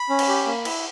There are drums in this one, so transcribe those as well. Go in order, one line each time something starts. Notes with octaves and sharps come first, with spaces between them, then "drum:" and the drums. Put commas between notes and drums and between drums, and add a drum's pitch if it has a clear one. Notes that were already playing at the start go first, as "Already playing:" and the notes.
Already playing: B5
C#4
drum: cymbal
G4
A#3
E4, drum: cymbal